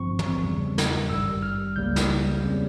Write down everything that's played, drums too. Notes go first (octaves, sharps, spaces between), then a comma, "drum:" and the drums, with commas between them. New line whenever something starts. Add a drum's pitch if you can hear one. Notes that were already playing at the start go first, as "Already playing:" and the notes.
Already playing: G1 G2 F3 C4 C#6
drum: tom
E2 C#3 G3
drum: snare
G#1 G2 G3 E6
F6
C#2 C#3 G3 A#3 G6
drum: snare
E2 C#3 G3 C4